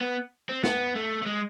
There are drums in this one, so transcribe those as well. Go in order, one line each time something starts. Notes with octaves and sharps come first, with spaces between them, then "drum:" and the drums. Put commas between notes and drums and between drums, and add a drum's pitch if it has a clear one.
B3
C4
B3, drum: snare
A3
A3
G#3